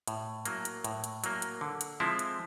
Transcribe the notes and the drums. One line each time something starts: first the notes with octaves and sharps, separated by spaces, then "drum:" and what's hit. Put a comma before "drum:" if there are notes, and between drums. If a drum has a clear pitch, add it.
A2, drum: hi-hat
F#3 A#3, drum: hi-hat
drum: hi-hat
A2, drum: hi-hat
drum: hi-hat
F#3 A#3, drum: hi-hat
drum: hi-hat
D3
drum: hi-hat
F3 G#3 C4 E4
drum: hi-hat